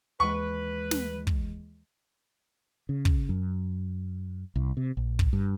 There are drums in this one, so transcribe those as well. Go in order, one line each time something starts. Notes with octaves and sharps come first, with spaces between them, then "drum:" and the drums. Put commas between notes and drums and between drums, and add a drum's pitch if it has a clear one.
D#2 E3 G#3 B4 C#6
drum: snare
drum: kick
C#3
drum: kick
F#2
C2
C3
A#1
drum: kick
G2